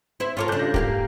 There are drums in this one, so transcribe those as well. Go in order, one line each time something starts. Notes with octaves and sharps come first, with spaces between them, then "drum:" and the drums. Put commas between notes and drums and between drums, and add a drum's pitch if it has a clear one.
C4 E4 C5 E5
F4 A4 A#4 C#5 C6 D6
C#3 D4 A5 G6
G3 F4 A#6
G#2 A#3 G4 A#4 F5, drum: kick